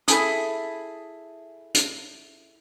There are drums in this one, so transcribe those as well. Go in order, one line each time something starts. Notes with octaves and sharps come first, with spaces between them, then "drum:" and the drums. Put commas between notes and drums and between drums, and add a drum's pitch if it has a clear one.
E4 G#4 A4 D#6, drum: hi-hat
drum: hi-hat